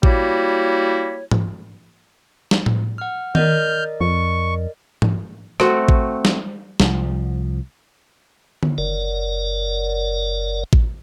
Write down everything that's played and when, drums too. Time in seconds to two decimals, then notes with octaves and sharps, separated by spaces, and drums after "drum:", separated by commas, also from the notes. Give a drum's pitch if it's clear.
0.03 G3 A#3 E4 F#4 C#5, drum: kick A1
1.32 drum: tom G#2
2.51 drum: snare
2.66 drum: tom A2
2.98 F#5 F6
3.35 A#4 D5 D#5 F6 G6, drum: tom D#3
4.01 F2 C#6
5.02 drum: tom G#2
5.60 A3 C4 F#4, drum: rim click
5.89 drum: kick A1
6.25 drum: snare
6.80 C2 F3, drum: snare
8.63 drum: tom D3
8.78 F#1 A#4 D5
10.73 drum: kick A1